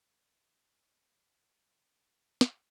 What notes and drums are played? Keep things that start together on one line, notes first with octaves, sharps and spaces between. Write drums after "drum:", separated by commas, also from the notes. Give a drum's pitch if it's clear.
D5
C5
C5
C5
C5
A4
A4
drum: snare